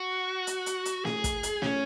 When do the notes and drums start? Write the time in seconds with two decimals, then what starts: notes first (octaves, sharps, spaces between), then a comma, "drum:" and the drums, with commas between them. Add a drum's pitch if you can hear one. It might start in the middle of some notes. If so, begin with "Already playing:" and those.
Already playing: F#4
0.47 drum: hi-hat
0.66 drum: hi-hat
0.85 drum: hi-hat
1.05 G#4, drum: snare
1.24 drum: kick, hi-hat
1.43 drum: hi-hat
1.62 C#4, drum: snare